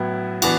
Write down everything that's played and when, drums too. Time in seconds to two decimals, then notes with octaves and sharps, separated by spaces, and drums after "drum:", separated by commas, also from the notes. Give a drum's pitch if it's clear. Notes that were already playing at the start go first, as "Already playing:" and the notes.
Already playing: A2 F#3 B3 E4
0.42 E3 B3 D4 F#4, drum: cymbal